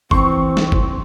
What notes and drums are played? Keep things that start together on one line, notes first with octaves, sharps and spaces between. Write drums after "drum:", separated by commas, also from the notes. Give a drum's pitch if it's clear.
E3 C4 C6 C#6, drum: kick
drum: snare
drum: kick